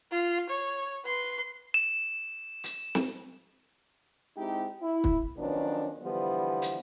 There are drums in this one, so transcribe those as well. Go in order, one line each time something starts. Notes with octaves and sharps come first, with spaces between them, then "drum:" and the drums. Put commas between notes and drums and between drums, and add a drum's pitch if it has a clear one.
F4
C#5
B4 C6
E7
drum: hi-hat
drum: snare
G#3 C4 D#4 E4 G4
E4
drum: kick
D#3 F3 F#3 B3 C#4 D4
D3 E3 F3 G3 B3
drum: hi-hat